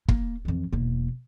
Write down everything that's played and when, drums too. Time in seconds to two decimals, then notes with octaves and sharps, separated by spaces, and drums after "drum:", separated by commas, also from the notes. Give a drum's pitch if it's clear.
0.09 A#3, drum: kick
0.45 F2 E3
0.73 E1 A#3